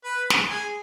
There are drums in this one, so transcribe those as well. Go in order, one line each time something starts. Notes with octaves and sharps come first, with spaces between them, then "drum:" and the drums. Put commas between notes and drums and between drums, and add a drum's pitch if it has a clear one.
B4
drum: snare
G#4